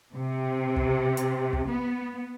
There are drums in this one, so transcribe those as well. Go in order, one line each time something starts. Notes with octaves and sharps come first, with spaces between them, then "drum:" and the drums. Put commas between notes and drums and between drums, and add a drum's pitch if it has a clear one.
C3
drum: kick
drum: hi-hat
drum: kick
B3